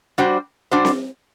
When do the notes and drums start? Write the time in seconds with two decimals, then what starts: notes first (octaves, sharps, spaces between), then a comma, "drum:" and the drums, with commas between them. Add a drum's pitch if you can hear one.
0.18 G3 D4 F#4 C5
0.71 G3 D4 F#4 C5
0.85 drum: snare C4